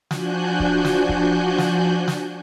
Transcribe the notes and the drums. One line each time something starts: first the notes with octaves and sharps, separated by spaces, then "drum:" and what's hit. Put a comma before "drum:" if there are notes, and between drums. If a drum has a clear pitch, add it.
F3 D4 F#4 G#5 F#6 G6, drum: snare
drum: kick C#1
drum: snare
drum: kick C#1
drum: snare
drum: snare